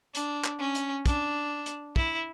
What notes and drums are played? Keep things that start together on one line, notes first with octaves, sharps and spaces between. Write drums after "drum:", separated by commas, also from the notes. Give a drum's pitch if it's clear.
D4, drum: hi-hat
drum: clap
C#4
drum: hi-hat
D4, drum: kick, hi-hat
drum: hi-hat
E4, drum: kick